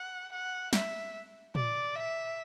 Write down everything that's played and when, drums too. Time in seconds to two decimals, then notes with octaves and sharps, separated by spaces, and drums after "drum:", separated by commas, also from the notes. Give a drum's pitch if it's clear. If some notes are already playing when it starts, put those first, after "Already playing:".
Already playing: F#5
0.32 F#5
0.73 E5, drum: snare
1.55 D5, drum: tom
1.96 E5